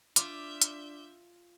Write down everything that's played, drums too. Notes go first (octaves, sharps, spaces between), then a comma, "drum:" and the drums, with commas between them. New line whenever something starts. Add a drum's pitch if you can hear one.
D4 F4 E5 D6 G6, drum: hi-hat
drum: hi-hat